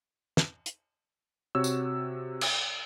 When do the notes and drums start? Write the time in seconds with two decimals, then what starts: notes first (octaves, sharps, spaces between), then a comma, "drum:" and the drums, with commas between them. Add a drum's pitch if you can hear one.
0.37 drum: snare
0.66 drum: hi-hat
1.55 C3 F#4 C#5 E6
1.64 drum: tambourine
2.41 drum: cymbal